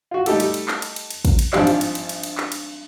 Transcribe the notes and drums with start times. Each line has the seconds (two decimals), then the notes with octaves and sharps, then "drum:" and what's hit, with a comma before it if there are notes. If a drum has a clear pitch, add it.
0.11 F4 F#4
0.26 G3 A3 D#4 G4 A4, drum: cymbal
0.40 drum: cymbal
0.54 drum: cymbal
0.68 drum: clap
0.82 drum: cymbal
0.96 drum: cymbal
1.11 drum: cymbal
1.25 drum: kick, cymbal
1.39 drum: cymbal
1.53 G#1 G2 F3 G3 G4 D5, drum: clap
1.67 drum: cymbal
1.81 drum: cymbal
1.95 drum: cymbal
2.09 drum: cymbal
2.23 drum: cymbal
2.38 drum: clap
2.52 drum: cymbal